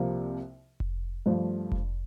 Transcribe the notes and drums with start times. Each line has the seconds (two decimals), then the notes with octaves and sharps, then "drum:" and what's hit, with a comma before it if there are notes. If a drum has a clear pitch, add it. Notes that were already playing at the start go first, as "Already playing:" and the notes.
Already playing: C2 C3 F3 A#3
0.80 drum: kick F1
1.26 G2 F3 A3
1.72 drum: kick F1